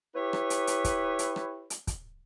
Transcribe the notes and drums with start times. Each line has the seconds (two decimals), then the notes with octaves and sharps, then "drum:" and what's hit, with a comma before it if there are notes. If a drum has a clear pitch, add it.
0.16 E4 G4 B4 C#5
0.33 drum: rim click
0.50 drum: hi-hat
0.67 drum: hi-hat
0.84 drum: kick, hi-hat
1.19 drum: hi-hat
1.36 drum: rim click
1.70 drum: hi-hat
1.87 drum: kick, hi-hat